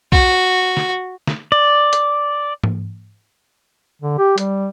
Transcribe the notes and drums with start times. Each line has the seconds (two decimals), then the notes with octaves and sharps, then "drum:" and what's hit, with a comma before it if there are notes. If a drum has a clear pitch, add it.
0.12 F#4, drum: kick B1
0.77 drum: snare
1.27 drum: snare
1.52 D5
1.93 drum: hi-hat
2.64 drum: tom
4.02 D3
4.18 G4
4.38 G3, drum: hi-hat